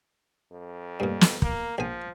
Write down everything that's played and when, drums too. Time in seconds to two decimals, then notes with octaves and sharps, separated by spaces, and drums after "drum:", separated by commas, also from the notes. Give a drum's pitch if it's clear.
0.51 F2
1.00 G2 A#2
1.21 drum: snare
1.42 A#3, drum: kick
1.78 A#1 F3 G#5